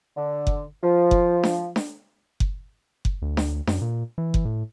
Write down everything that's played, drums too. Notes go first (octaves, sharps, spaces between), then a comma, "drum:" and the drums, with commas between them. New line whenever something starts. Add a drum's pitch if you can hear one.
D3
drum: kick F#1
F3
drum: kick F#1
drum: snare D4
drum: snare D4
drum: kick F#1
drum: kick F#1
D2
drum: snare D4
F#2, drum: snare D4
A#2
E3
drum: kick F#1
A2